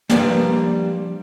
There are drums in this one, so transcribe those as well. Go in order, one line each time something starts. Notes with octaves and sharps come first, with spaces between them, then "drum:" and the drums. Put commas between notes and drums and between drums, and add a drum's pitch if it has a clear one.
F3 G3 A#3 D4 B4, drum: snare